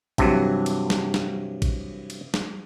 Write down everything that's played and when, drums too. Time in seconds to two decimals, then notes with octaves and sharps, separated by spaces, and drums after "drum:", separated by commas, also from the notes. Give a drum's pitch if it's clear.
0.18 G2 C3 E3 F#3, drum: kick A1, cymbal
0.66 drum: cymbal
0.90 drum: snare
1.14 drum: snare
1.62 drum: kick A1, cymbal
2.10 drum: cymbal
2.34 drum: snare